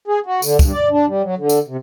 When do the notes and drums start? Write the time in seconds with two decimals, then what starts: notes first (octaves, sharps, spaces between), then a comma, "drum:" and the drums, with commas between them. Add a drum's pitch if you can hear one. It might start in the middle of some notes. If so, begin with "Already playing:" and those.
0.08 G#4
0.26 F#4
0.42 D3, drum: tambourine
0.59 G2, drum: kick, tambourine
0.72 D5
0.91 D4
1.07 G3
1.23 F#3
1.38 D3
1.49 drum: tambourine
1.68 C3